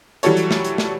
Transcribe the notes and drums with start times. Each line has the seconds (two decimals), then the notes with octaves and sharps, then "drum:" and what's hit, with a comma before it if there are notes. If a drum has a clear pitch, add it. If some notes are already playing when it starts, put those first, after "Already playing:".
0.23 E3 F#3 G3 A4 C#5, drum: hi-hat
0.37 drum: hi-hat
0.51 drum: snare
0.64 drum: hi-hat
0.78 drum: snare